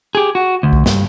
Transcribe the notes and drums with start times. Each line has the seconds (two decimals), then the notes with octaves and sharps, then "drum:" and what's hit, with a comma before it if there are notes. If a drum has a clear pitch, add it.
0.15 G4 G#4
0.35 F#4
0.63 D2
0.73 drum: kick B1
0.86 G2, drum: snare